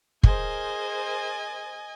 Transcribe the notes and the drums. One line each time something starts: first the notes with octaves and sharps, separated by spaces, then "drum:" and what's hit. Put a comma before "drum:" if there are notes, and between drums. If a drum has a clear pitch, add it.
G#4 A#4 C5 D#5 G#5, drum: kick